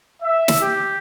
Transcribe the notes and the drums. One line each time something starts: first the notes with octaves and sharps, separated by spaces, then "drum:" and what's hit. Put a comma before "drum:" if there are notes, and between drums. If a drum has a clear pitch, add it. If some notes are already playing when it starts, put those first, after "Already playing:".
E5
drum: snare
G4